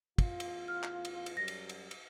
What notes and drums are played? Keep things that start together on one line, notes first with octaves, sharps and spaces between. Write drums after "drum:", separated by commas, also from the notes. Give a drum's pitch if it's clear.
A1 E2 F4, drum: kick, cymbal
drum: cymbal
F6
drum: clap
drum: cymbal
drum: cymbal
F#2 F#3 G3 A#6
drum: cymbal
drum: cymbal
drum: cymbal